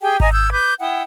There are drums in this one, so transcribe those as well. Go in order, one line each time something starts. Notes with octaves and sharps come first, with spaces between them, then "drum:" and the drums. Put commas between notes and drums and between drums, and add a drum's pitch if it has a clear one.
G4 G#4 G5 G#5
D#5 G#5 A#5, drum: kick G#1
D#6 E6 G6 G#6
B4 D6 G6
E4 F#5 G5 D#6